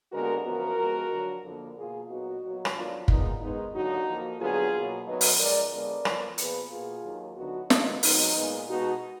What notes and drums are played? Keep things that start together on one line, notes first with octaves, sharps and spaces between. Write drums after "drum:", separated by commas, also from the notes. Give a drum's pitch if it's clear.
D#2 D3 G#3 B3 F#4 A#4
F#2 F3 B3 F#4 A#4
F2 F3 G#3 B3
F2 D3 F#3
F2 D3 F3 A#3
B2 A#3 F4 G#4
A#2 F#3 B3 D#4 F#4
A#2 F#3 B3
drum: rim click
F2 D#3 F#3 B3 D4 F4
A#2 G#3 B3 D#4, drum: kick
G#2 D#3 G#3 B3 D#4
D#2 D3 F#3 D#4 F#4
F2 F3 A#3
D#2 D3 F#3 B3 F4 G#4
B2 F#3 A#3
F#2 D#3 F#3 B3 B4 D#5
drum: open hi-hat
F#2 F3 G#3 A#4 D5
F2 D3 G#3 B3 A#4 D5
F2 F3 B3, drum: rim click
A#2 F3 B3 G#4 B4, drum: hi-hat
B2 A#3 F4 G#4
D#2 D#3 F#3
D2 D3 F#3 B3 D#4 F#4
F#2 D3 F3 B3 D#4, drum: snare
G#2 D#3 F#3 B3 D#4, drum: open hi-hat
A#2 G#3 B3
B2 G#3 B3 D#4 F#4